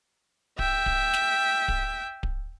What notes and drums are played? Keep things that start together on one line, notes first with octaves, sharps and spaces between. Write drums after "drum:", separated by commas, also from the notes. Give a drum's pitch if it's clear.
E5 G5, drum: kick D1
drum: kick D1
drum: snare
drum: kick D1
drum: kick D1